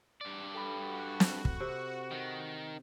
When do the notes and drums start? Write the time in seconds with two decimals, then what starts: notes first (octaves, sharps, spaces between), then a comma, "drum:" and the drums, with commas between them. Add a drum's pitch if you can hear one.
0.21 G2 D5
0.55 A4 G5 B5
0.85 F#4
1.20 drum: snare
1.45 drum: kick
1.60 C3
2.11 D#3